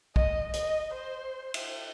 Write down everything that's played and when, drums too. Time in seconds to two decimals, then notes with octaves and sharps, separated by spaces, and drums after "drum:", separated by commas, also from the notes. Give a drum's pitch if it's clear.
0.16 D#5, drum: kick
0.53 D#5, drum: hi-hat
0.92 C5
1.54 drum: cymbal